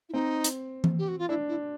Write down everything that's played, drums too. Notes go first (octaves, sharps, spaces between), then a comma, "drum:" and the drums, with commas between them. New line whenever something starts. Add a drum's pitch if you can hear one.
E4
C4 D#4
drum: hi-hat
drum: tom E3
G4
F#4
F4
D4 E4
E4